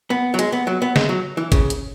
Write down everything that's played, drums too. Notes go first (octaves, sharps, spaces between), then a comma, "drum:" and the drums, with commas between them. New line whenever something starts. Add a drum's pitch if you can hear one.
B3
F#3
G#3, drum: hi-hat
B3
F#3
B3
G#3, drum: snare
F#3
E3
C#3, drum: kick G#1, hi-hat
drum: hi-hat